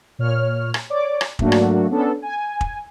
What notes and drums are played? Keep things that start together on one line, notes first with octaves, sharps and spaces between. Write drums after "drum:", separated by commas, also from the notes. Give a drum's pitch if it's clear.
A#2 C#5 F6
drum: rim click
C#5 D5 D6
drum: rim click
G#2 F#3 A3 A#3 D4 F#4, drum: kick
drum: rim click
B3 C#4 D4 A4
G#5
drum: kick